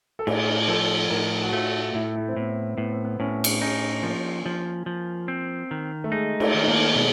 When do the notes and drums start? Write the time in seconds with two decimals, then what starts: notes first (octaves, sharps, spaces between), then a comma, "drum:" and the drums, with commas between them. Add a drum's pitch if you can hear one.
0.19 A4
0.27 A2 G#4, drum: cymbal
0.68 F3 A4
1.10 A2 A#4
1.43 F#4
1.52 A3 F4
1.94 A2 E4
2.16 E4
2.28 C4
2.36 A2 B3
2.77 A2 B3
2.91 C4
3.05 B3
3.20 A2 C#4
3.44 drum: cymbal
3.61 C#4 D#4
4.03 F3 A#3
4.46 F3
4.86 F3
5.28 C4
5.71 D#3
6.04 A3
6.12 G#3 D#4
6.40 A3, drum: cymbal
6.54 D#3
6.68 A#3
6.95 B2 G#3